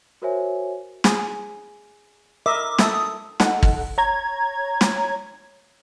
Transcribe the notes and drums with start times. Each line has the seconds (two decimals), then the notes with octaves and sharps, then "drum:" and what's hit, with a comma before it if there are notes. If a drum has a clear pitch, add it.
0.22 F#4 A#4 C5 C#5 E5 G#5
1.04 G#4, drum: snare
2.46 A#4 D#5 E5 D6
2.79 A4 E5 D#6, drum: snare
3.40 D#4 A4 F#5, drum: snare
3.63 drum: kick G#1
3.98 C#5 A#5 G#6
4.81 drum: snare